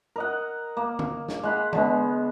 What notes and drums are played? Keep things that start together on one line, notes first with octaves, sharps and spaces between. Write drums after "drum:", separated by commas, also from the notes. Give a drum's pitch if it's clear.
A#4 D#5 F#5
A#3
drum: tom D3
drum: snare
G#3 F#5 B5
D3 G#3 B3, drum: tom E3